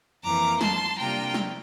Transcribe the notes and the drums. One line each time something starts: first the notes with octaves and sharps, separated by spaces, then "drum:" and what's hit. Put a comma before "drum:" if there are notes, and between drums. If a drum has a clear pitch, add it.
F2 E3 A#3 A#5 D6
A5 C6, drum: snare
C3 G3 A#3 D4 F4 G5 A#5
drum: snare